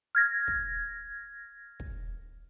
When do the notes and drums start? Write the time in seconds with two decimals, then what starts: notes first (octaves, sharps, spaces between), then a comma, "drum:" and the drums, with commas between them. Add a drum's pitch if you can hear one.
0.15 F6 G#6 A#6
0.48 drum: kick
1.80 drum: kick